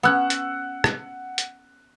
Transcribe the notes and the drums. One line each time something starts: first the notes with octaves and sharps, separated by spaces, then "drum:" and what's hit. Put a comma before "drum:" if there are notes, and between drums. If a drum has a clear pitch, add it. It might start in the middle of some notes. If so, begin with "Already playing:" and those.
B3 C#4 F#5 E6 F#6
drum: hi-hat
drum: rim click
drum: hi-hat